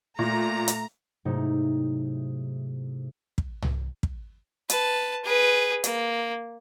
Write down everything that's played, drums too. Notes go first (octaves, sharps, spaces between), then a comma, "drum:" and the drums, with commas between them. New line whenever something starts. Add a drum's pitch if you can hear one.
A#2 A3 A#5
drum: hi-hat
G#2 C3 F#3 A3 D#4 E4
drum: kick
drum: tom C2
drum: kick
B4 A5, drum: hi-hat
G#4 B4
A#3, drum: hi-hat